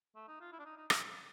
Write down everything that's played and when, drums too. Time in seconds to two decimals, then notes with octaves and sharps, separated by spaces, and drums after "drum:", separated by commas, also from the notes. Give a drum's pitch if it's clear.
0.16 A3
0.28 D#4
0.41 F4
0.52 E4
0.59 D4
0.66 D#4
0.77 D#4
0.90 drum: rim click